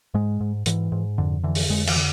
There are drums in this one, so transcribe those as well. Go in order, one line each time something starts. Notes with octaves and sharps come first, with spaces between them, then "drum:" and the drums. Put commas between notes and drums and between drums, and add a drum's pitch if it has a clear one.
G#2 G#3
G#2
G#2 E3, drum: hi-hat
G#2
F2 D3
D3 E3
drum: open hi-hat
F2 G#3
E3, drum: cymbal
D3